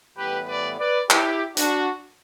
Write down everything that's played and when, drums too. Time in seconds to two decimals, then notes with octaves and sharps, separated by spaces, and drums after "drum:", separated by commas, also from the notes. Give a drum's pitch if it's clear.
0.17 A2 E3 G3 B3 G4 B4
0.47 B4 D5
0.79 B4 D5
1.10 E4 G4, drum: clap
1.57 D4 F#4, drum: hi-hat